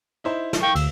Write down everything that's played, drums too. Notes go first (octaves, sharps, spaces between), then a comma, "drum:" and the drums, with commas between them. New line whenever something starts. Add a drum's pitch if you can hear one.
D#4 E4 C5
drum: snare
F5 G5 C#6
D2 E6, drum: cymbal